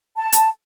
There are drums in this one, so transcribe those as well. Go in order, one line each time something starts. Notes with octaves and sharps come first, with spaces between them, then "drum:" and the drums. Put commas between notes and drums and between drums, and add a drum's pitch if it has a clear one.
A5
drum: hi-hat